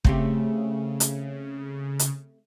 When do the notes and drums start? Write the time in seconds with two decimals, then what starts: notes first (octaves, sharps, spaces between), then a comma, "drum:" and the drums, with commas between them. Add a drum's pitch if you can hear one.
0.05 C#3 A3 C4 G4, drum: kick
1.00 drum: hi-hat
1.99 drum: hi-hat